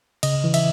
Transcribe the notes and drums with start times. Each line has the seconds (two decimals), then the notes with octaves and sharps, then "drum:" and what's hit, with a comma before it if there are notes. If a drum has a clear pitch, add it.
0.23 C#3 D#5, drum: cymbal
0.44 E3
0.54 E5, drum: cymbal